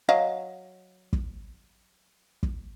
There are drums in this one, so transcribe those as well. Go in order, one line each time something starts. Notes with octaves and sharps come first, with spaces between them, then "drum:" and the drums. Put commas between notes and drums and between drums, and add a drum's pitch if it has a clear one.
F#3 D#5 F5
drum: kick
drum: kick